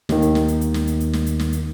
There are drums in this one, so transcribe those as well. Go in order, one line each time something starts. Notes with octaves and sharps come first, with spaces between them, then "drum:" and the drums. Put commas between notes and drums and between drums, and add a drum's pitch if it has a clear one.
D#2 D#3, drum: snare
drum: hi-hat
drum: snare
drum: hi-hat
drum: hi-hat
drum: snare
drum: hi-hat
drum: hi-hat
drum: snare
drum: hi-hat
drum: snare
drum: hi-hat